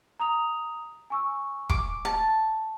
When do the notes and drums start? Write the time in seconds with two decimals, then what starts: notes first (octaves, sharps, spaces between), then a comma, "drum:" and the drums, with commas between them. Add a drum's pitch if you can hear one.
0.20 A#5 D#6 F7
1.10 G#5 C#6 E6
1.69 D6, drum: kick
2.05 A5